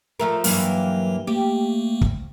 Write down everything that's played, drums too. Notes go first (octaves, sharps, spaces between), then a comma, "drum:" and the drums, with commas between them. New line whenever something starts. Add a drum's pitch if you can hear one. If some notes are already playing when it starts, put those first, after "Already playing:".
F3 A3 A#4
G2 E3 F#3 A#3, drum: open hi-hat
A3 A#3 G4
drum: kick